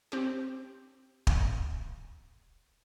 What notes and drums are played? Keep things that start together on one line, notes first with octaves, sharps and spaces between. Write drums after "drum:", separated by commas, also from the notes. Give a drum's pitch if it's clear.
C4 G4
drum: kick